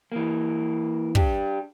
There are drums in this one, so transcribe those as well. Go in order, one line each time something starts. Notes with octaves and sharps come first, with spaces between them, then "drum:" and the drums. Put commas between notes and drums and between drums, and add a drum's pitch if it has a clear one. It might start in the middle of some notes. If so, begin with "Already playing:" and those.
E3 A#3
D4 G4, drum: kick